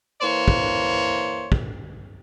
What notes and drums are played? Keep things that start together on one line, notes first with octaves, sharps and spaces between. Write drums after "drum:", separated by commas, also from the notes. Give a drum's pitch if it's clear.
E3 A#3 C5 C#5
drum: kick
drum: kick